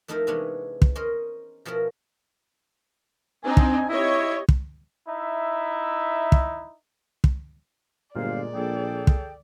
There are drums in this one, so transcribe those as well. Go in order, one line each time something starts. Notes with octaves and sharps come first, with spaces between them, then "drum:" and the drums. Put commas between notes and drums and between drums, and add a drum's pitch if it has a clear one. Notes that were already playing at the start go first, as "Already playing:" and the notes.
F2 A3 D#4 E4 A#4 D#5
C3 E3 G#3 B3 C#4 D4
drum: kick
C#4 A#4 C5 D#5
B2 F3 C#4 E4 A#4
C4 D4 D#4 G#5
drum: kick
E4 G4 C#5 D#5
drum: kick
D#4 E4 E5
drum: kick
drum: kick
G1 A#2 G#3 C5 D5 F5
A#1 G#4 A4 G5
drum: kick